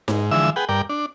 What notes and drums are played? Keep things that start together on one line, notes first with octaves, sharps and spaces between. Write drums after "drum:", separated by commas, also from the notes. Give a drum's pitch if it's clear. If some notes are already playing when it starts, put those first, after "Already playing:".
G#2, drum: snare D#4
D3 E3 F3 G#3 E5 E6
G#4 B4 F#5 G5
G2 A#4 D5 G5
D4